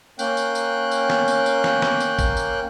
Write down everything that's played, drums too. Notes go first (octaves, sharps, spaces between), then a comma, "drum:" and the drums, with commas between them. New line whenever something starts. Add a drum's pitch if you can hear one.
A#3 C#4 G5 F#6, drum: tambourine
drum: tambourine
drum: tambourine
drum: tambourine
drum: snare
drum: tambourine
drum: tambourine
drum: snare
drum: snare
drum: tambourine
drum: kick A1, tambourine
drum: tambourine